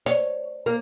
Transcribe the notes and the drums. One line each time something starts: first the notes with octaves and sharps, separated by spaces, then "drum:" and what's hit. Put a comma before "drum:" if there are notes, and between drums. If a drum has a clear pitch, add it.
C#5, drum: hi-hat
A#3